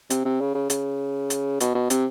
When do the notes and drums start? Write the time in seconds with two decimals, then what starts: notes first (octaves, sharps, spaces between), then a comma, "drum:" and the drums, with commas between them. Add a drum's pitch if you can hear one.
0.10 C3, drum: hi-hat
0.25 C3
0.41 C#3
0.55 C#3
0.70 C#3, drum: hi-hat
1.30 drum: hi-hat
1.61 B2, drum: hi-hat
1.75 B2
1.90 C3, drum: hi-hat